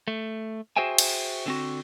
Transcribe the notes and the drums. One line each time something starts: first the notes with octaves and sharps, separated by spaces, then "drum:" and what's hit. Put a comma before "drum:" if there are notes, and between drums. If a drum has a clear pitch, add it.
A3
F#4 G#4 C5 E5 G5 G#5
drum: cymbal
D3 C4 F#4